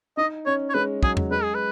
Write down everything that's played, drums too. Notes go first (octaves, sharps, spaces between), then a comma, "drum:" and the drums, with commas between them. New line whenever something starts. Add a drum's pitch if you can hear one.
D#4 D#5
C#4 C#5
C#5
G#3 B4
F#3 G#4, drum: kick
drum: tom E2
G#3 B4
G#4
B4